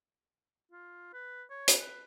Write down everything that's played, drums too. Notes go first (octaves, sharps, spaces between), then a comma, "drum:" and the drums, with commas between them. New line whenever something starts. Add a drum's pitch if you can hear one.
F4
B4
C#5
drum: hi-hat
B4